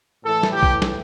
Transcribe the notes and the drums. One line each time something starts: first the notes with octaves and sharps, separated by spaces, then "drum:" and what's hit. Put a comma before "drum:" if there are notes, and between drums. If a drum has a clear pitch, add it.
A2 E3 A4
drum: snare
G4
drum: kick A#1
drum: snare